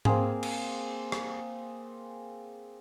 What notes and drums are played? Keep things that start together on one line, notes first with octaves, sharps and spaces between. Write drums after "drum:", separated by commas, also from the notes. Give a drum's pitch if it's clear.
A#3 C4 G#4, drum: tom G#2
drum: cymbal
drum: rim click